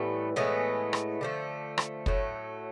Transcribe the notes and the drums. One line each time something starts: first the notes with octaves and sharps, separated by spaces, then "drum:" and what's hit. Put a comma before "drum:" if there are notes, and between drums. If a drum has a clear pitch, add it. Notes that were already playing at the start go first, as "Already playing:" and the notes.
Already playing: A2 E3 G3 A3 B3
A2 E3 G#3 A3 B3
drum: rim click
D3 F3 A3
drum: rim click
A2 F#3 A3, drum: kick